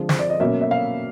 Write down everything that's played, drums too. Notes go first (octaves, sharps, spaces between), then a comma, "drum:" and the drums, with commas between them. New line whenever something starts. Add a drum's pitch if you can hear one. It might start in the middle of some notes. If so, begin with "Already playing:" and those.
Already playing: D3 F3 G#3 C4
C5, drum: snare
D5
D#5
B2 F#3 A#3 C#4 E5
E5
F5